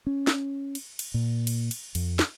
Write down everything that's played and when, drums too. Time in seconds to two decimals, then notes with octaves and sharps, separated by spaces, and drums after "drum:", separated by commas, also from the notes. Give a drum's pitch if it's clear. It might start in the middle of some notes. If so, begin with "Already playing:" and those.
0.07 C#4
0.27 drum: snare
0.75 drum: cymbal
0.99 drum: cymbal
1.14 A#2
1.47 drum: cymbal
1.71 drum: cymbal
1.95 F2, drum: cymbal
2.19 drum: snare